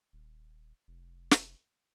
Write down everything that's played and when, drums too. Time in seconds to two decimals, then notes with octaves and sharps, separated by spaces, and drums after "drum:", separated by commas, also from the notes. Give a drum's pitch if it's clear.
0.13 D#1
0.88 F1
1.31 drum: snare